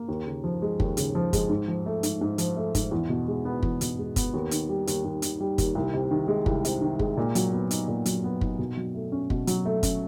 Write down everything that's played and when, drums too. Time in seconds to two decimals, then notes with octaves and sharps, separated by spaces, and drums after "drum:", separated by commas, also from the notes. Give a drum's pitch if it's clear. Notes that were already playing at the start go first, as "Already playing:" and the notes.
Already playing: A#3
0.09 D#2
0.26 C#3
0.44 F3
0.62 G#3
0.80 D#2, drum: kick
0.97 C#3, drum: hi-hat
1.15 F3
1.33 G#3, drum: kick, hi-hat
1.50 G#2
1.68 F3
1.86 A3
2.03 G#2, drum: hi-hat
2.21 G#2
2.38 F3, drum: hi-hat
2.56 A3
2.75 G#2, drum: kick, hi-hat
2.91 E2
3.09 B2
3.28 G#3
3.45 B3
3.63 E2, drum: kick
3.81 B2, drum: hi-hat
3.98 G#3
4.16 B3, drum: kick, hi-hat
4.34 D#2
4.51 D#3, drum: hi-hat
4.69 G3
4.87 D#2, drum: hi-hat
5.05 D#2
5.22 D#3, drum: hi-hat
5.40 G3
5.58 D#2, drum: kick, hi-hat
5.75 C2
5.94 C3
6.11 D#3
6.28 G#3
6.46 C2, drum: kick
6.65 C3, drum: hi-hat
6.81 D#3
6.99 G#3, drum: kick
7.17 A#2
7.35 F#3, drum: hi-hat
7.52 B3
7.71 D#4, drum: hi-hat
7.88 A#2
8.06 F#3, drum: hi-hat
8.24 B3
8.41 D#4, drum: kick
8.58 B2
8.77 F#3
8.94 A3
9.12 C#4
9.30 B2, drum: kick
9.47 F#3, drum: hi-hat
9.65 A3
9.83 C#4, drum: kick, hi-hat